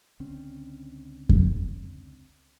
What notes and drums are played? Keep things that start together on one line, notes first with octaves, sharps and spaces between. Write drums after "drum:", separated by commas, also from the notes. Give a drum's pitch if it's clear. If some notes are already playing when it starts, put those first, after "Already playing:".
C#2 D3 C4 C#4
drum: kick F2